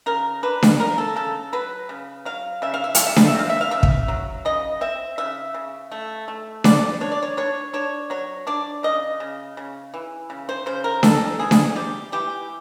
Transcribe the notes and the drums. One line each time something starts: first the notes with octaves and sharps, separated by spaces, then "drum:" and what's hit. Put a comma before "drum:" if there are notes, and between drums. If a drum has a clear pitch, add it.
C#3 A#4
D4 B4
drum: snare D4
C#3 A#4
A4
C#3 A4
F#3 B4
C#3
F#3 F5
C#3 E5
F5
E5
A3 F5, drum: hi-hat
E5
F5, drum: snare D4
E5
C4 F5
E5
F5
C#3 E5
drum: kick
F#3
C#3 D#5
C4 E5
C#3 E5
C#3
A3
A3
D4 D5, drum: snare D4
D4 C#5
D5
C#5
D4 C#5
D4 C#5
F#3 C#5
D4 D5
C#3 D#5
C#3
C#3
E3
C#3
C5
C#3 C5
A#4
E3 A4, drum: snare D4
E3 G#4
drum: snare D4
G3 G4
E3 G4